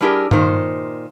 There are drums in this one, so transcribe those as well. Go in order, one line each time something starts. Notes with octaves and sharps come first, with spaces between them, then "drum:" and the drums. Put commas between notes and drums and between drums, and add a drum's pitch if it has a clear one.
G3 D4 E4 G4 G#4 A#4
A#2 D#3 C5, drum: tom G2